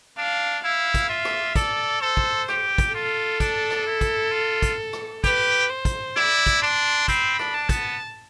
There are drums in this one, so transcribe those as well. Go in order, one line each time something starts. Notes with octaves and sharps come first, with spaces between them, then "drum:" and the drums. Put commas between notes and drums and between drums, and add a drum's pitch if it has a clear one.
D4 F5
E4 F5
drum: kick, hi-hat
F4 E5
drum: rim click
A4 D5, drum: kick, hi-hat
A4 C5
drum: kick
G4, drum: rim click
drum: kick, hi-hat
F4 A4
D4, drum: kick, hi-hat
drum: rim click
E4
drum: kick, hi-hat
F4
drum: kick, hi-hat
drum: rim click
G4 B4, drum: kick, hi-hat
C5
drum: kick, hi-hat
E4 D5, drum: rim click
drum: kick, hi-hat
D4 C6
C4 B5, drum: kick, hi-hat
D4, drum: rim click
A5
B3, drum: kick, hi-hat